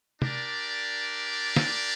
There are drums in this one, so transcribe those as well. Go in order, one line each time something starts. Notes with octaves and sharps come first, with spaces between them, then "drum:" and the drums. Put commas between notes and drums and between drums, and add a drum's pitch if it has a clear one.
D4 G4 A#4 D5, drum: tom
drum: snare